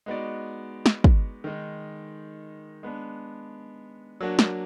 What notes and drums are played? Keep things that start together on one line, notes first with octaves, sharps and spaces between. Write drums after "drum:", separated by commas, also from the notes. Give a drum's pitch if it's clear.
G#3 B3 D#4 F#4 D5
drum: snare
drum: kick
D#3 G#3 D#4
G#3 B3 D4
F#3 A#3 D4 F#4
drum: snare